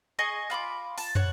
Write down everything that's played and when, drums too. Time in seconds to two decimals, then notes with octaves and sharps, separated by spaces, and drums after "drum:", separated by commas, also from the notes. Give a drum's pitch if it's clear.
0.19 G#4 D#5 G#5 C#6
0.50 F4 B5 C6 D6
0.98 A5, drum: open hi-hat
1.15 C#5 F#5, drum: tom